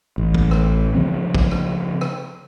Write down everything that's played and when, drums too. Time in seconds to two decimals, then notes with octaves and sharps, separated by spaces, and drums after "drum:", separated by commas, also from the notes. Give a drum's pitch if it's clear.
0.18 A1
0.34 drum: kick
0.51 drum: rim click
0.95 C#3 F3 C4
1.35 drum: kick
1.51 drum: rim click
2.01 drum: rim click